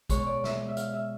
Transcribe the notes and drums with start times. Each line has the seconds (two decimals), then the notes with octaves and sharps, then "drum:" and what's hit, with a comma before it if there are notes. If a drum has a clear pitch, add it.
0.10 B2 G#3 C#5, drum: kick, hi-hat
0.26 D5
0.44 E5, drum: snare
0.69 E5
0.77 F5, drum: hi-hat
0.94 E5